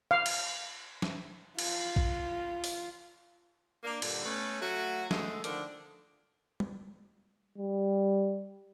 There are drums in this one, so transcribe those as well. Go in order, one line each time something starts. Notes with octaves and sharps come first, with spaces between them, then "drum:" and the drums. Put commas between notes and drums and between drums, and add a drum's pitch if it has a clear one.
F5
drum: cymbal
drum: snare
F4, drum: cymbal
drum: kick A1
drum: open hi-hat
A#3 D4
G2 A#2 D3, drum: cymbal
A3 B3 C#4
F#3 A3 F#4
D3 G#3 A3, drum: snare
D3 D#3 F3 D4, drum: hi-hat
drum: tom
G3